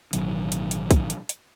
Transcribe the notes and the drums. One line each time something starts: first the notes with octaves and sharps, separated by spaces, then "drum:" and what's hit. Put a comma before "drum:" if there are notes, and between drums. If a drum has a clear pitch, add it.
A1 B2 D#3 F#3, drum: hi-hat
drum: hi-hat
drum: hi-hat
drum: kick, hi-hat
drum: hi-hat
drum: hi-hat